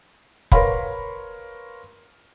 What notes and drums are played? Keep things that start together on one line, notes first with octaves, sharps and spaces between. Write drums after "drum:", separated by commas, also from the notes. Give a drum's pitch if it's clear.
A#4 B4 C#5 F5 B5 C6, drum: kick